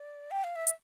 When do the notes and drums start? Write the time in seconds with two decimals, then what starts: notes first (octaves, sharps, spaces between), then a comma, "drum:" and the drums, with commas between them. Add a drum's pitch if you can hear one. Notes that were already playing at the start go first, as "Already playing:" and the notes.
Already playing: D5
0.31 G5
0.44 F5
0.56 E5
0.67 E5, drum: hi-hat